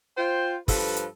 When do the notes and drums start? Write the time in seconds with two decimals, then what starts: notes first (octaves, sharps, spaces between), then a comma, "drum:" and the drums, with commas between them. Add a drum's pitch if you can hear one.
0.17 F4 C5 G5
0.68 G2 F3 A4 B4, drum: kick, open hi-hat
0.97 drum: hi-hat